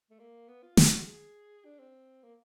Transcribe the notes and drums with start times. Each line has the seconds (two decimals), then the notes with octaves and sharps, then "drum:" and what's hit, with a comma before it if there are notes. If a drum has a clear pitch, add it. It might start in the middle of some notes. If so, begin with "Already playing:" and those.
0.10 A3
0.20 A#3
0.48 B3
0.63 F4
0.77 F#4, drum: snare
0.92 F#4
1.06 G#4
1.65 D4
1.79 C4
2.23 A#3